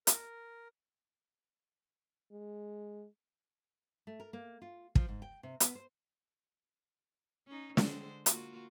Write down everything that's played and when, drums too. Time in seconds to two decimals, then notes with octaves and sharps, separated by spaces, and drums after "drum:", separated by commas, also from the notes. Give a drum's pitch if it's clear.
0.07 A#4, drum: hi-hat
2.32 G#3
4.07 A3
4.20 A#4
4.33 A#3
4.62 F4
4.95 F3, drum: kick
5.09 G#2
5.22 G5
5.43 C3
5.60 B3, drum: hi-hat
5.75 C5
7.47 C#4 D#4
7.77 D3 G#3 C5, drum: snare
8.26 A#3 F4 F#4, drum: hi-hat